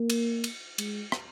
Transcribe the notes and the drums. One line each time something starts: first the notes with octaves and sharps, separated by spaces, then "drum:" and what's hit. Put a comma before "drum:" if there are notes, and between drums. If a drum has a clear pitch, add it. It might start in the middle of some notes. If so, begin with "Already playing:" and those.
Already playing: A#3
drum: cymbal
drum: cymbal
G#3, drum: cymbal
drum: rim click